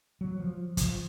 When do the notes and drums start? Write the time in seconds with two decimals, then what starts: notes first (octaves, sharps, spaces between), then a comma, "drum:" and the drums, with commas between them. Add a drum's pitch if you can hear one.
0.21 F#3
0.40 F3
0.77 F3, drum: kick, hi-hat